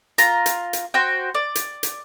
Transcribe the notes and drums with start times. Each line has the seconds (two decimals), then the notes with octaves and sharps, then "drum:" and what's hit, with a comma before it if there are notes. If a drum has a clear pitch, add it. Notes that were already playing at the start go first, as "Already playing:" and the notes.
0.18 F4 A#5, drum: hi-hat
0.46 drum: hi-hat
0.73 drum: hi-hat
0.94 F#4 C5 G5
1.35 D5
1.55 drum: hi-hat
1.83 drum: hi-hat